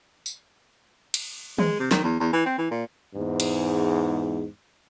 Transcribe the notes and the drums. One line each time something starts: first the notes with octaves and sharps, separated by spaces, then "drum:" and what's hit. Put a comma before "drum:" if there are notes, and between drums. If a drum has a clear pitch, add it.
drum: tambourine
drum: cymbal
G#3, drum: tom D#3
C3
D#3, drum: snare
E2
E2
E3
C4
E3
A#2
E2 G#2
drum: cymbal